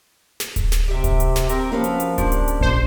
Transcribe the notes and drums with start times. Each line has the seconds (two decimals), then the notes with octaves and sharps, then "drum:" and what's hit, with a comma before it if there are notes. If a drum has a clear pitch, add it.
0.40 drum: snare
0.56 drum: kick D1, hi-hat
0.72 drum: snare
0.88 C3 G4 E5
1.04 drum: kick D1, hi-hat
1.20 drum: hi-hat
1.36 drum: snare
1.49 C4 A#4, drum: hi-hat
1.72 F3 A#3 C#4 F#4 A#4 B4 F5
1.84 drum: hi-hat
2.00 drum: hi-hat
2.18 F3 D4 G4, drum: kick D1, hi-hat
2.32 drum: hi-hat
2.48 drum: hi-hat
2.60 A#1 C5